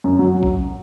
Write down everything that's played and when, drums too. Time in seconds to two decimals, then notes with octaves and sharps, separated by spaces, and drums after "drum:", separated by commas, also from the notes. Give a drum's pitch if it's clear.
0.04 F#2
0.19 F#3
0.43 drum: kick A#1